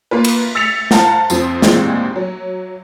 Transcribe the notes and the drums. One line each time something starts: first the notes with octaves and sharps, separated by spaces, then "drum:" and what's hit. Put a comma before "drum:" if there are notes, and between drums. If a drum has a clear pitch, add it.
A#3 F4 B4
drum: cymbal
E6 A6 B6 C#7 F7
C5 F5 F#5 A5 A#5, drum: snare
F2 F3 C4, drum: tambourine
A#1 D#2 E3 G#3 C4, drum: snare
F#3